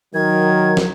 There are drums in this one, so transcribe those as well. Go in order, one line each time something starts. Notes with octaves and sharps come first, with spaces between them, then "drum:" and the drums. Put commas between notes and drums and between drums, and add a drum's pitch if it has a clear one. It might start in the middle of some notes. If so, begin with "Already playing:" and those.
D#3 F#3 A#4 G#6
drum: snare